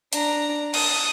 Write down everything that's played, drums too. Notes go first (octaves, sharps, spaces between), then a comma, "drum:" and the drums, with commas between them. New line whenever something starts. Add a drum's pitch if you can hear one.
D4 A#5, drum: hi-hat
A5 D#6, drum: cymbal